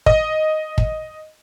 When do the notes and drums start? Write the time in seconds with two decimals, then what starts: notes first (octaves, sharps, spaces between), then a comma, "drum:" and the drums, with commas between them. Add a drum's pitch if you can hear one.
0.06 D#5, drum: kick
0.78 drum: kick